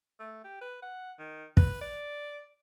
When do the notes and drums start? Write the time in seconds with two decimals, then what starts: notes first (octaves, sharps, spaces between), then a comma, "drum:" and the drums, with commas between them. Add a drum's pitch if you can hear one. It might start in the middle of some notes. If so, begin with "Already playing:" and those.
0.20 A3
0.45 G4
0.61 B4
0.83 F#5
1.19 D#3
1.57 B4, drum: kick
1.81 D5